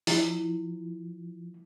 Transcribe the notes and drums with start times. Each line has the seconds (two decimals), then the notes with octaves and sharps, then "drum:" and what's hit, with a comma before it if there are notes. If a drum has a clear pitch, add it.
0.07 F3 E4, drum: open hi-hat